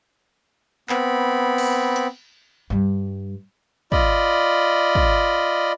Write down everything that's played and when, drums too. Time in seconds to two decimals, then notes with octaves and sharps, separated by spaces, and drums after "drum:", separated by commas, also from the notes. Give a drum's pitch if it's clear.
0.89 B3 C4 B5, drum: clap
1.58 drum: cymbal
1.96 drum: hi-hat
2.70 G2 G3
3.92 F4 D5 D#5 B5, drum: kick
4.95 drum: kick